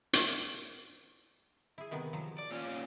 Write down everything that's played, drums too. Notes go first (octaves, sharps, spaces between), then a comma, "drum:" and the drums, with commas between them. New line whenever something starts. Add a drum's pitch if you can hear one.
drum: hi-hat
E4 G#4
C3 D#3 B3
F3 F#3
D5
A#2 C#4